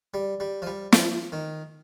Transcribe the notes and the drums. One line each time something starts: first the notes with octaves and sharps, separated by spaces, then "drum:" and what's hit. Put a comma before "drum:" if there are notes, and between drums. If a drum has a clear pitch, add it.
G3
G3
F3
G3
F3, drum: snare
D#3